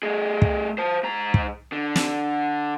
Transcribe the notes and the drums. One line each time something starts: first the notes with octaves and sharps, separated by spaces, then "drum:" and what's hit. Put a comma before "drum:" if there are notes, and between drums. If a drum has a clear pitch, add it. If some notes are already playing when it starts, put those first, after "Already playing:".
A3 G#4
drum: kick
C5 A5
G#2 A#5
drum: kick
D3
drum: snare